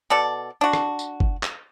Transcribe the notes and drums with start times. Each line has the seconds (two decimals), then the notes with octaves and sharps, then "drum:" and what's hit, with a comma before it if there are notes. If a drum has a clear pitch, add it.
0.10 B2 A4 D5
0.61 D4 F#4
0.73 drum: rim click
0.99 drum: tambourine
1.20 drum: kick
1.43 drum: clap